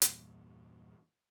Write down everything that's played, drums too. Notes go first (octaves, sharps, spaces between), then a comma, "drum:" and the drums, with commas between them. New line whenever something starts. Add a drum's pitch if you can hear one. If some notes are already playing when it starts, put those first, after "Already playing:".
E2 G2 A#2, drum: hi-hat